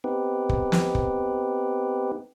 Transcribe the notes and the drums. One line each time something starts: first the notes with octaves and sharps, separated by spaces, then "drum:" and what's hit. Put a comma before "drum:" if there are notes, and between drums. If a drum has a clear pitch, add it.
B3 C4 D#4 G4 B4
drum: kick
drum: snare
drum: kick